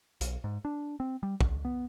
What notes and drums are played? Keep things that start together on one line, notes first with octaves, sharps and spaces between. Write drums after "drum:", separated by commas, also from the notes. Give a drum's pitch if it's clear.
B1, drum: hi-hat
G#2
D4
C4
G3
C#2, drum: kick
B3